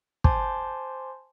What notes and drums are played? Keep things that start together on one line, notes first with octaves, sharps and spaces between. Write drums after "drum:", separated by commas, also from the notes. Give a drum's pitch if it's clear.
C5 G#5 A5 C6 D6, drum: kick